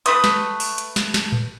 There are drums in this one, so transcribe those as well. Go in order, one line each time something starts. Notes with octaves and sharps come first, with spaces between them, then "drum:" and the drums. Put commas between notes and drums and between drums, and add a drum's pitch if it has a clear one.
A3 C4 B4 D#6, drum: hi-hat
drum: snare
drum: open hi-hat
drum: hi-hat
drum: snare
drum: snare
drum: tom